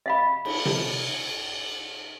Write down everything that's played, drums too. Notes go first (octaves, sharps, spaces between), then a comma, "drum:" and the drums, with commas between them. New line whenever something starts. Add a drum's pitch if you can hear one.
D#5 F5 B5
drum: cymbal
drum: tom C3